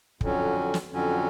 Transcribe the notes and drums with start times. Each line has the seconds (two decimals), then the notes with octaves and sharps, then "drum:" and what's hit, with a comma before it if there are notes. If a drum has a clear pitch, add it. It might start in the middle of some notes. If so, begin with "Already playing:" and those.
0.21 F2 D3 F#3 C#4, drum: kick
0.74 drum: snare
0.92 F2 D3 F#3 C#4